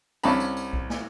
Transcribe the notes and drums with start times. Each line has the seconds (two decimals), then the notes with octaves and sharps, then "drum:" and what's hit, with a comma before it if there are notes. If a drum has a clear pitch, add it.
0.23 C2 C#4 A5 B5, drum: tambourine
0.40 drum: tambourine
0.57 drum: tambourine
0.73 drum: kick
0.90 drum: snare